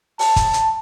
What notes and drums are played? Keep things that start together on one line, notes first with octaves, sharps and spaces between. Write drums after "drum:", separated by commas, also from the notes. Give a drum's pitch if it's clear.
A5, drum: open hi-hat
drum: kick, hi-hat
drum: hi-hat